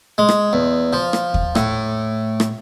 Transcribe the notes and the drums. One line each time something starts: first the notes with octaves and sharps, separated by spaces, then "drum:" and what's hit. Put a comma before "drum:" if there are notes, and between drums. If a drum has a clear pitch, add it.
G#3
drum: rim click
E2
F3
drum: rim click
drum: kick
A2, drum: rim click
drum: rim click